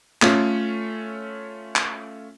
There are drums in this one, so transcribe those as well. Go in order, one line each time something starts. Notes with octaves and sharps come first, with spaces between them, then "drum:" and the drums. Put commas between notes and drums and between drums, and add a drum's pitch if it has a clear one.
A3 C#4 F4, drum: clap
drum: clap